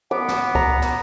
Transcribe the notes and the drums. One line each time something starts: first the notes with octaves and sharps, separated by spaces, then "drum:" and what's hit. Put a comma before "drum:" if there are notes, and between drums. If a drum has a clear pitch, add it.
B3 D6
drum: snare
A#5, drum: kick C#2
drum: snare